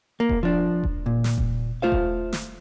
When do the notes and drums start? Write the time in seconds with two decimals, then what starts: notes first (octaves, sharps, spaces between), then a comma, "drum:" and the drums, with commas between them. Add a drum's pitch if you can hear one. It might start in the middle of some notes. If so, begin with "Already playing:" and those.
0.20 A#3
0.29 drum: kick E1
0.43 F3 D4
0.84 drum: kick E1
1.06 A#2
1.24 drum: snare
1.38 drum: kick E1
1.82 A3 F4 C5 F5
1.92 drum: kick E1
2.33 drum: snare